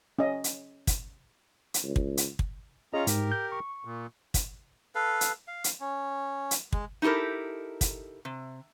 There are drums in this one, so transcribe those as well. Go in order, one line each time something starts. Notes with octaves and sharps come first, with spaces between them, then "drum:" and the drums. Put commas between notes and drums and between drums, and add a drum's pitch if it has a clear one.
C#4 D#5
drum: hi-hat
drum: kick, hi-hat
drum: hi-hat
C#2
drum: kick
drum: hi-hat
drum: kick
C#4 F4 G#4 D#5 A#5
G#2 G4 A#4, drum: hi-hat
G6
C#6
A#2
drum: kick, hi-hat
A4 B4 F5
drum: hi-hat
F5
drum: hi-hat
C#4
drum: hi-hat
G#3, drum: kick
D#4 E4 G4 A4 A#4
drum: kick, hi-hat
C3